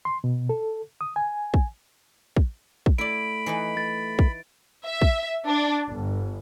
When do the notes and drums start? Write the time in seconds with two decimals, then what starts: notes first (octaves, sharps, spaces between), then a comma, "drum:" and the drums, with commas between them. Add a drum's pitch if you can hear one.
0.05 C6
0.24 B2
0.49 A4
1.01 D#6
1.16 G#5
1.54 drum: kick
2.37 drum: kick
2.86 drum: kick
2.98 A3 E4 D5 B5 D7
3.46 E3 D#4 B4
3.77 A3 A6
4.19 drum: kick
4.85 E5
5.02 drum: kick
5.47 D4
5.86 G1